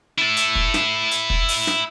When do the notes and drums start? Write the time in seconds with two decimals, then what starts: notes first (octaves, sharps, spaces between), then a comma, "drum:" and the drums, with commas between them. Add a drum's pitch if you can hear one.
0.18 E4 A4
0.37 drum: hi-hat
0.55 drum: kick
0.74 drum: snare
1.11 drum: hi-hat
1.30 drum: kick
1.48 drum: open hi-hat
1.67 drum: snare